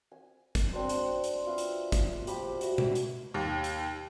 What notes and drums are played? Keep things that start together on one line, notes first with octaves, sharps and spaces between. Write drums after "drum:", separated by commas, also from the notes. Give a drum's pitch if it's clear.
G#5
drum: kick, hi-hat
C4 D4 F#4 C5
drum: hi-hat
drum: hi-hat
F4 B4 E5
drum: hi-hat
drum: kick, hi-hat
F3 F#4 G4 B5, drum: hi-hat
F#4 E5, drum: hi-hat
drum: tom B2
drum: hi-hat
D#2
drum: hi-hat